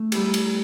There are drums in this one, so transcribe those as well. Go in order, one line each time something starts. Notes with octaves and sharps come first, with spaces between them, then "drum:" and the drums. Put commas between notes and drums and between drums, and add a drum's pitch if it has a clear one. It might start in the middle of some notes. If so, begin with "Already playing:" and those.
Already playing: A3
G3 B3 E4 G4, drum: cymbal
drum: cymbal